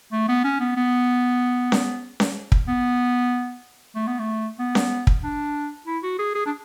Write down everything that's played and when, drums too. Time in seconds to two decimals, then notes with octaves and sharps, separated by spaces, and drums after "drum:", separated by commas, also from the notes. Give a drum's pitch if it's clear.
0.12 A3
0.28 B3
0.44 C#4
0.60 B3
0.76 B3
1.72 drum: snare C#4
2.20 drum: snare C#4
2.52 drum: kick
2.68 B3
3.95 A3
4.07 B3
4.19 A3
4.59 B3
4.75 drum: snare C#4
5.07 drum: kick
5.23 D4
5.87 E4
6.03 F#4
6.19 G#4
6.35 G#4
6.46 D4